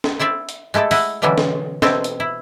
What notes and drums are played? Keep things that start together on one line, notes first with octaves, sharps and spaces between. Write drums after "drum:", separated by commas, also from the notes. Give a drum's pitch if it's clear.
drum: snare
E4 C5 D5 E5
drum: hi-hat
G#3 A3 E4 G4 A4
E4 D#5 F#5, drum: open hi-hat
B2 D3 E3 F#3 G3 C#4
drum: snare
B2 C4 E4 G4 A5, drum: snare
drum: hi-hat
E4